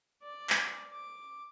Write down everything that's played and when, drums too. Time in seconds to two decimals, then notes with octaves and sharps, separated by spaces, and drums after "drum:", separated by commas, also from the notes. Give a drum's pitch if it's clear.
0.23 D5
0.50 drum: clap
0.92 D6